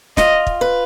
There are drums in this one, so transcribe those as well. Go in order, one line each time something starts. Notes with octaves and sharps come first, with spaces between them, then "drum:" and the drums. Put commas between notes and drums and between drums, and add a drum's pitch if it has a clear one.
F4 D#5, drum: snare
drum: kick
B4